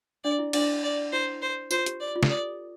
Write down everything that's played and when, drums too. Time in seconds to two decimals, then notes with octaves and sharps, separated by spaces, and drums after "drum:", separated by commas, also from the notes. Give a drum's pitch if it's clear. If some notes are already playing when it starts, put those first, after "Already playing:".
0.24 D4 D5
0.39 E4
0.53 D4 D5, drum: cymbal
0.83 D5
1.12 E4 C5
1.42 C5
1.71 F4 C5, drum: tambourine
1.86 G4, drum: hi-hat
2.00 D5
2.16 F4
2.23 G4, drum: snare
2.29 A4 D5